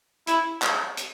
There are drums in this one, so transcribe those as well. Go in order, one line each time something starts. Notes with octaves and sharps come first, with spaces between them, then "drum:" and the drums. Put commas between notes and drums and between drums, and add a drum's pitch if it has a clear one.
E4, drum: hi-hat
drum: clap
drum: hi-hat